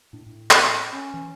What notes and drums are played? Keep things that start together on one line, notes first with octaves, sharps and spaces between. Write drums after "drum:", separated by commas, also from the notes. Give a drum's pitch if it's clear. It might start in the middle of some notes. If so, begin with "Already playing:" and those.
A2 D4
A2
drum: clap
C#4
E3